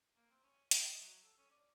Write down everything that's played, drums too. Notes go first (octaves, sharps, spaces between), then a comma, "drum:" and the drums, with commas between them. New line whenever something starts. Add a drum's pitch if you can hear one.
A#3
C4
C#4
G5, drum: hi-hat
D#5
F#3
A4
C#4
D5